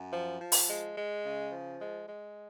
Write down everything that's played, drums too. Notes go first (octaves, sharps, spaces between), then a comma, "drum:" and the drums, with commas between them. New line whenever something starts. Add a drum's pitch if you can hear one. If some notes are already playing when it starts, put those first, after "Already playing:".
Already playing: F#2
F3
F3
drum: open hi-hat
G#3
G#3
C#3
F3
G#3
G#3